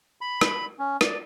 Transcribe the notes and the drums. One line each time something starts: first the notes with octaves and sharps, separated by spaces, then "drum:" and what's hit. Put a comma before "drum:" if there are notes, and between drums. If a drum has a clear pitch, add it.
B5
drum: rim click
C#4
D5, drum: rim click